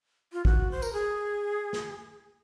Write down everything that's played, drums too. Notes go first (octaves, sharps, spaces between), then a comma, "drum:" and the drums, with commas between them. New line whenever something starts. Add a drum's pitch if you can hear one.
F4
F#4, drum: kick
C5
A#4, drum: tambourine
G#4
drum: snare